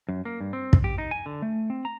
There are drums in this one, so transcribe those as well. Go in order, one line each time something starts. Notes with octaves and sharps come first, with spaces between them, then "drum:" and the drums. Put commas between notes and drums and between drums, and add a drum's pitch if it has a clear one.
F#2
A#3
G2
C4
drum: kick
G4
D#4
G#5
D3
A3
C4
A#5